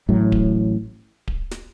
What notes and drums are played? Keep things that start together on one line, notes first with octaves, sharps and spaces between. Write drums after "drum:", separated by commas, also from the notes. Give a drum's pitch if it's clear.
A1 A2 F#3
drum: kick D1
drum: kick D1
drum: snare